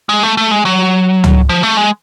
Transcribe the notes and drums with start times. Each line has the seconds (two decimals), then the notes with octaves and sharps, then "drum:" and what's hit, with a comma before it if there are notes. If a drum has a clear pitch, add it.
0.09 G#3
0.23 A3
0.37 A3
0.51 G#3
0.65 F#3
1.24 drum: tom C#2
1.49 F3
1.63 A3
1.77 G#3